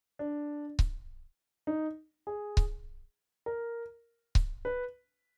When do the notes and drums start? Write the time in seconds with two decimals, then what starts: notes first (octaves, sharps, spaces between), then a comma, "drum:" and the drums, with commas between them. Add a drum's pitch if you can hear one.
0.19 D4
0.79 drum: kick C#1
1.67 D#4
2.27 G#4
2.57 drum: kick C#1
3.46 A#4
4.35 drum: kick C#1
4.65 B4